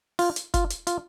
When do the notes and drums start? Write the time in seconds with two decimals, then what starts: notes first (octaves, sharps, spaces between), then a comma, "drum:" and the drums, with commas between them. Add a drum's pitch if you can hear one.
0.19 F4, drum: open hi-hat
0.36 drum: hi-hat
0.54 F4, drum: kick F#1, hi-hat
0.70 drum: hi-hat
0.87 F4, drum: hi-hat